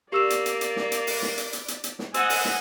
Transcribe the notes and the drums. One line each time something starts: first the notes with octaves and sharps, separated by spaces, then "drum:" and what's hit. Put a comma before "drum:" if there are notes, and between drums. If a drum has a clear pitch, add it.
A#3 G4 D5 E6 E7
drum: hi-hat
drum: hi-hat
drum: hi-hat
drum: snare
drum: hi-hat
drum: open hi-hat
drum: snare
drum: hi-hat
drum: hi-hat
drum: hi-hat
drum: hi-hat
drum: snare
C4 D#5 F#5 G#5 E6, drum: hi-hat
drum: open hi-hat
drum: snare